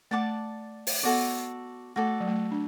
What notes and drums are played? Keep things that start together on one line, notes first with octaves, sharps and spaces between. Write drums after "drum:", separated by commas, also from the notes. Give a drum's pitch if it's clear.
A3 D5 F#5 A5 D6
drum: open hi-hat
B3 F#4 A4 D5
A3 F#4 A4 D5
F#3
A3
D4